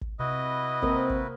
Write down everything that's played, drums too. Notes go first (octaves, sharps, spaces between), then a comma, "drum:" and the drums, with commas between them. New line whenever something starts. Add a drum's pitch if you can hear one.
drum: kick
C3 E4 F#4 B4 D#5
A#3 C4 A#4 C5, drum: kick
drum: kick